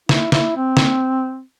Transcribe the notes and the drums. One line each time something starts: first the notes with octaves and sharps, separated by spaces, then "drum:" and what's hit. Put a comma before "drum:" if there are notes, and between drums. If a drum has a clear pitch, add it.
E4, drum: snare
E4, drum: snare
C4
drum: snare